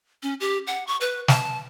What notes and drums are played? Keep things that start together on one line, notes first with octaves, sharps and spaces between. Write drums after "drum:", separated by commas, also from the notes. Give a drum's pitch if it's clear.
C#4
G4
F#5
C#6
B4
A5, drum: snare